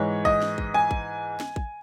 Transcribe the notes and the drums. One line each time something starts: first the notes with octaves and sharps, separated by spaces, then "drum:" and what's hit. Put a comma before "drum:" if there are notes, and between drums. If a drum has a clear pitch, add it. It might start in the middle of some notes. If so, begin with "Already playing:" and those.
Already playing: G#2 E3 G#3 C#5
D#5, drum: kick
drum: snare
drum: kick
G#5
drum: kick
drum: snare
drum: kick